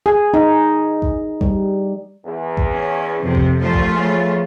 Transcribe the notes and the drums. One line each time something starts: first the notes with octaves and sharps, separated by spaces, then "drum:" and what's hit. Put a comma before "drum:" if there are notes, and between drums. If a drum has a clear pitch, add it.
G#4
D#4
drum: kick A1
G3, drum: kick A1
E2
drum: kick A1
C#4
F2 C3
drum: kick A1
C2 A#2 F3 A3 F4
drum: kick A1
E2 C#3